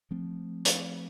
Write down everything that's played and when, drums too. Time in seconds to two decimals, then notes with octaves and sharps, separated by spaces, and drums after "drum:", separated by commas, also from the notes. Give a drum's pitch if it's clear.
0.11 F3 A3 C4
0.65 drum: hi-hat